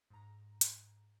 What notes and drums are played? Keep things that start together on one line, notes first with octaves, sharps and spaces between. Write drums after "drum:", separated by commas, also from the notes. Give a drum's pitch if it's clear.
G#2 A#5
drum: hi-hat